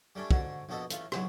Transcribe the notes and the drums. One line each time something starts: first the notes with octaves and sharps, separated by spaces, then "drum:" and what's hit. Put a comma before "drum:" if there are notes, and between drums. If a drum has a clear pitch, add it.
G3 A3 C#4 D4
G#2 D3 F#4, drum: kick
A#1 B2 B3 A4 D#5
A1 A3 F4, drum: hi-hat
B1 C#3 E3 F#3, drum: rim click